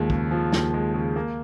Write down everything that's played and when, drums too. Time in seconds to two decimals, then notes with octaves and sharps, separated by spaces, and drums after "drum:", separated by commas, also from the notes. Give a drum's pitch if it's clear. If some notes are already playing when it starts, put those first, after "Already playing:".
Already playing: D#2 F3 G#3
0.10 C#3, drum: kick
0.31 F3
0.53 D#2, drum: snare
0.74 G#3
0.94 C#3
1.16 A#3